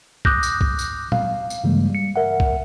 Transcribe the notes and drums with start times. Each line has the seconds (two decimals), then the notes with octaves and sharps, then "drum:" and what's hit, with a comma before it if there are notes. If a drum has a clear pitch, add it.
0.25 D6 D#6 F#6 G6 A#6, drum: kick B1
0.43 drum: tambourine
0.61 drum: kick B1
0.79 drum: tambourine
1.12 F5, drum: tom A#2
1.50 drum: tambourine
1.64 G2 C#3 E3 G3 G#3 A#3
1.90 G3 C#7
2.16 A#4 E5 F#5
2.40 drum: kick B1